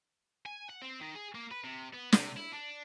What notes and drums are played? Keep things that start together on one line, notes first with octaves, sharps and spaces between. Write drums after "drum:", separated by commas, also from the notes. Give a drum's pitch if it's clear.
G#5
F#5
C4
D#3
G#4
A#3
B4
C3
B3
C3, drum: snare
E4
D4